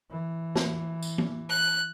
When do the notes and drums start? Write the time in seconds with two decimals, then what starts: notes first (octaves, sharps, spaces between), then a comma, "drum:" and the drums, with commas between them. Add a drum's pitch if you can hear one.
0.11 E3
0.56 drum: snare
1.03 drum: tambourine
1.18 drum: tom E3
1.50 F#6